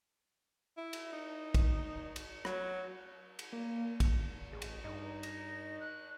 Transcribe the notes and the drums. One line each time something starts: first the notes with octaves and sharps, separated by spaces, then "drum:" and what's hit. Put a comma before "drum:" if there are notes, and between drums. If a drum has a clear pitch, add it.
E4
drum: cymbal
D#4
drum: kick, cymbal
drum: cymbal
F#3, drum: rim click
drum: cymbal
A#3
drum: kick, cymbal
A1 G#3
drum: cymbal
G2 D#4
A#6, drum: cymbal
F#6